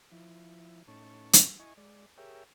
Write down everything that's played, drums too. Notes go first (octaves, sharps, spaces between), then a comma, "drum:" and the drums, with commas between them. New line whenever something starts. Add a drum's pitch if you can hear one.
F3 E4
A2 C#4 D#4 A5 C#6
drum: hi-hat
E4 D#5 G#5 C#6
G#3 D5
G4 G#4 A#4 C#5 E5 G5